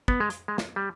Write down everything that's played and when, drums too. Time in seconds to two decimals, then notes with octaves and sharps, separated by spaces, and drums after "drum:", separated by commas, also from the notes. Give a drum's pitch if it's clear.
0.08 B3, drum: kick
0.20 G#3
0.30 drum: hi-hat
0.48 G#3
0.58 drum: snare
0.76 G3